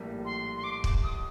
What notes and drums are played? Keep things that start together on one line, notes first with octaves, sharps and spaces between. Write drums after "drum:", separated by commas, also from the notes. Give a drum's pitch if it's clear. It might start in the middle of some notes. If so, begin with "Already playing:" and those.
Already playing: A#1 A2 G3 A#3
C6
C6
D6
D6, drum: kick
D#6